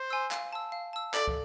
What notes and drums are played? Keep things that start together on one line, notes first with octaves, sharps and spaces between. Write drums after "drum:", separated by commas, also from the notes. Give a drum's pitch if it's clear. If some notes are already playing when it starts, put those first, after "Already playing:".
Already playing: C5
G#5 C6 E6
F5, drum: clap
A5 E6
F5
A5 E6
A4 D5, drum: clap
drum: kick